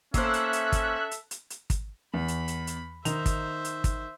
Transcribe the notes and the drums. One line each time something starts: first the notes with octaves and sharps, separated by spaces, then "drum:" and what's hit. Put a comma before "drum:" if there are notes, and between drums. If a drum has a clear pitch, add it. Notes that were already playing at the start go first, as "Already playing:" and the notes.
A#3 C#4 A4 C5 E5 E6 F#6, drum: kick, hi-hat
drum: hi-hat
drum: hi-hat
drum: kick, hi-hat
drum: hi-hat
drum: hi-hat
drum: hi-hat
drum: kick, hi-hat
E2 B5
drum: hi-hat
drum: hi-hat
drum: hi-hat
D#3 D#4 C5 E5 F7, drum: hi-hat
drum: kick, hi-hat
drum: hi-hat
drum: kick, hi-hat